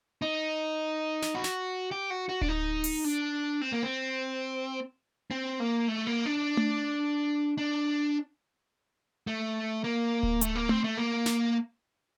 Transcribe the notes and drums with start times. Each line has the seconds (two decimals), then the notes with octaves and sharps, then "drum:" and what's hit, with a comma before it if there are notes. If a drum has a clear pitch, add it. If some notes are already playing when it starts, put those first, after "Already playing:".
0.22 D#4
1.22 drum: snare
1.35 F#4
1.44 drum: snare
1.91 G4
2.10 F#4
2.29 F#4
2.41 D4, drum: kick D1
2.49 D#4
2.84 drum: open hi-hat
3.04 D4
3.61 C4
3.72 A#3
3.83 C4
5.31 C4
5.60 A#3
5.88 A3
6.07 A#3
6.26 D4
6.57 drum: tom A3
7.58 D4
9.27 A3
9.84 A#3
10.23 drum: kick D1
10.41 A3, drum: hi-hat
10.55 A#3
10.69 C4, drum: tom A3
10.84 A3
10.97 A#3
11.26 drum: snare